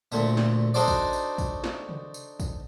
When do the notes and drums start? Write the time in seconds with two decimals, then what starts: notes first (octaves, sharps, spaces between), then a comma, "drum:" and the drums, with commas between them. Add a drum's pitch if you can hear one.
0.12 D2 A#2 A3, drum: tambourine
0.37 drum: snare
0.74 D4 D#4 F#4 A4 C5 D5
0.88 drum: kick, tambourine
1.13 drum: tambourine
1.38 drum: kick, tambourine
1.64 drum: snare
1.89 drum: tom
2.14 drum: tambourine
2.40 drum: kick, tambourine